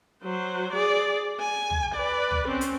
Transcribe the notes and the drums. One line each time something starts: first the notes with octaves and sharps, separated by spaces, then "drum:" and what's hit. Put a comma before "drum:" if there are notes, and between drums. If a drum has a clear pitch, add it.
F#3 C5
G#4 D5
G#5
drum: tom
B4 D5
drum: tom
C4 C#4
drum: hi-hat